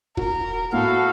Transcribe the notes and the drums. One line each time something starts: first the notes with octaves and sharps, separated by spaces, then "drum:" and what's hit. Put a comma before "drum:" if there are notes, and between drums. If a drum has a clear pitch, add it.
F#4 A#4, drum: kick
A2 F#4 A4 F5